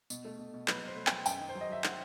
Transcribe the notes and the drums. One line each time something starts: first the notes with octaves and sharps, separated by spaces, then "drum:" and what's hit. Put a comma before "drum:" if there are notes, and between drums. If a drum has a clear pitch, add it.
B2, drum: tambourine
A3
B2
B2
F#3 B4, drum: clap
B2 C5
A3
F#3 G5, drum: clap
F#2 G5, drum: tambourine
D#3
C5
F#3
D#5
F#3 E5
D#3 F#5, drum: clap